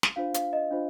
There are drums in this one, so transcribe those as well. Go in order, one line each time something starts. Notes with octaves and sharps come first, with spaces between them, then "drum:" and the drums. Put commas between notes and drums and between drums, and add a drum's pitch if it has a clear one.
drum: snare
D4 F4 C5 F5
F5, drum: hi-hat
D#5
D4 F4 C5